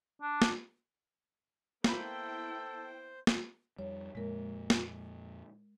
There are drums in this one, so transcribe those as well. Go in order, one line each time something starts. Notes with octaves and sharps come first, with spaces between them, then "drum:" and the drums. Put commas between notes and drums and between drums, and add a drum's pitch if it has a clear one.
D4
drum: snare
A#3 B3 E4 A4 C5 G5 B5, drum: snare
drum: snare
F2 G3 C#5
F2 A#2 G#3 A#4
drum: snare